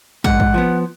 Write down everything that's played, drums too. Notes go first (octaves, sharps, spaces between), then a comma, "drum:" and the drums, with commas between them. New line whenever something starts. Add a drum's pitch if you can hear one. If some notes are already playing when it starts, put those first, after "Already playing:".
G#2 F#5, drum: kick
drum: kick
F3 B3